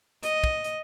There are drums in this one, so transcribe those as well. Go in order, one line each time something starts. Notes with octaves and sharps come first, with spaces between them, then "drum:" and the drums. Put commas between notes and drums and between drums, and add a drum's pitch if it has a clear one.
D#5, drum: hi-hat
drum: kick
drum: hi-hat